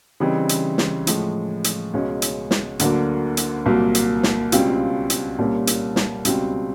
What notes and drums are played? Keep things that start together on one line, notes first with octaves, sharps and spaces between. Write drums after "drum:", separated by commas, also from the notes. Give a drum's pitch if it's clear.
C#3 E3 G3 C4 D#4
drum: hi-hat
drum: snare
A2 F3 G#3, drum: hi-hat
drum: hi-hat
C#2 B2 G#3 C#4
drum: hi-hat
drum: snare
D2 D3 F#3 A#3, drum: hi-hat
drum: hi-hat
C2 A#2 F#3 A#3
drum: hi-hat
drum: snare
C#2 B2 G3 C4 F4, drum: hi-hat
drum: hi-hat
C2 A#2 G3 A#3 C#4
drum: hi-hat
drum: snare
C#2 B2 G3 C4, drum: hi-hat